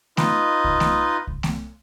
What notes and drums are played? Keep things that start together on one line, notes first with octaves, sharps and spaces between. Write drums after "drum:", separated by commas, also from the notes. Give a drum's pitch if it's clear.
D#4 F4 B4 D#5, drum: snare A3
drum: kick C2
drum: snare A3
drum: kick C2
drum: snare A3